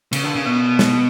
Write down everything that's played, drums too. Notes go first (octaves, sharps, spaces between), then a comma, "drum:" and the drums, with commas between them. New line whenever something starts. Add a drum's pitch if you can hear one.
C#3, drum: cymbal
D3
C#3
B2
drum: snare